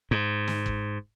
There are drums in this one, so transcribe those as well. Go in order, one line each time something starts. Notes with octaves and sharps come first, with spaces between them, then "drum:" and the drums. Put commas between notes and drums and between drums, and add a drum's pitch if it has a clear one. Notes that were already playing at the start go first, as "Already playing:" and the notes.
G#2
drum: snare
drum: kick